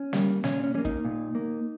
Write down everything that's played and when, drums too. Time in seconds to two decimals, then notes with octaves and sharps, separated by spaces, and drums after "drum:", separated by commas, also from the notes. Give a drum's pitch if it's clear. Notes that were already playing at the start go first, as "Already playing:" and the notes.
Already playing: C#4
0.13 G3 A#3, drum: snare
0.44 A#2 C#4, drum: snare
0.64 C#4
0.74 G3 A#3 C#4
0.85 D#4, drum: kick
1.05 A#2
1.35 A#3